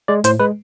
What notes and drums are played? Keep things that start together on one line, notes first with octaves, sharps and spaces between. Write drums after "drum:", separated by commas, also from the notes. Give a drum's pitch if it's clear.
G#3 D5
A2 C5, drum: hi-hat
G#3 B4